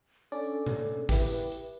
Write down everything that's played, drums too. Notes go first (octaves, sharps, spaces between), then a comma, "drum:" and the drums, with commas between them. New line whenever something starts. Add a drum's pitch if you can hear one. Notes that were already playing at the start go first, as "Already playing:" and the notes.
C#4 D4 A4 D5
drum: tom B2
E4 G4 B4, drum: kick G#1, open hi-hat
drum: hi-hat